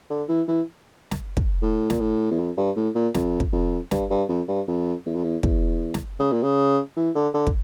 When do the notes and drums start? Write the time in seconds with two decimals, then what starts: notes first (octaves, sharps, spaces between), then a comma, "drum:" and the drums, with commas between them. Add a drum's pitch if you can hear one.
0.10 D3
0.29 E3
0.48 E3
1.11 drum: snare
1.37 drum: kick
1.62 A2
1.90 A#2, drum: snare
2.00 A2
2.31 E2
2.38 F2
2.57 G2
2.76 A2
2.95 A#2
3.14 F2, drum: snare
3.40 drum: kick
3.52 F2
3.91 G2, drum: snare
4.10 G2
4.29 F2
4.48 G2
4.68 F2
5.06 E2
5.14 F2
5.23 E2
5.43 E2, drum: kick
5.94 drum: snare
6.20 C#3
6.32 A#2
6.43 C#3
6.96 E3
7.15 D3
7.34 D3
7.47 drum: kick